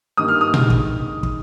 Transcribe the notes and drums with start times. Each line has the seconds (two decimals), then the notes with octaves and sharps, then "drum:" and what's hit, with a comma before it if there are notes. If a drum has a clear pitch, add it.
0.17 G2 D#3 A#3 D#6
0.28 F6
0.41 D#6
0.54 D#3 G#3, drum: tom A#2
0.70 drum: kick
1.23 drum: kick